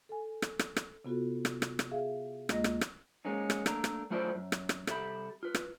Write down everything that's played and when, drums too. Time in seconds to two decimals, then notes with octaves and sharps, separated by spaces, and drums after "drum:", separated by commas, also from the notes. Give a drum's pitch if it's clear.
0.09 A4 G#5
0.42 drum: rim click
0.59 drum: rim click
0.76 drum: rim click
1.05 C3 B3 F4 F#4 A4
1.45 drum: rim click
1.62 drum: rim click
1.79 drum: rim click
1.91 G#4 E5 F5
2.49 D2 G#3 A#3 F4 D#5 A#6, drum: rim click
2.64 drum: rim click
2.81 drum: rim click
3.25 G#3 A#3 C#4 D#4
3.50 drum: rim click
3.66 A3 A#3 D4 A#4, drum: rim click
3.84 drum: rim click
4.10 F#3 A3 E4 F4 C5 D5
4.35 F#2
4.52 drum: rim click
4.69 drum: rim click
4.87 C2 G4 A4 E5 B5, drum: rim click
5.43 F4 B4
5.55 drum: rim click